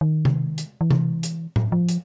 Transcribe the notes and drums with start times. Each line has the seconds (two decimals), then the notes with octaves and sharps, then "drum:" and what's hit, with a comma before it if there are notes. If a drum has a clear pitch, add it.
0.01 D#3
0.25 drum: tom C3
0.58 drum: hi-hat
0.81 E3
0.91 drum: tom C3
1.23 drum: hi-hat
1.56 drum: tom A2
1.72 F3
1.89 drum: hi-hat